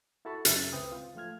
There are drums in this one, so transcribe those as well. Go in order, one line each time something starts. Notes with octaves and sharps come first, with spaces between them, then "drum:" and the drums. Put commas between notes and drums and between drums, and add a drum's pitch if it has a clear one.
E4 F#4 A4 A5 B5 C#6
F#2 C#3 E5 A6, drum: hi-hat
C#2 C4 B4 G5 D#6
F4
F3 A3 F4 F6 G#6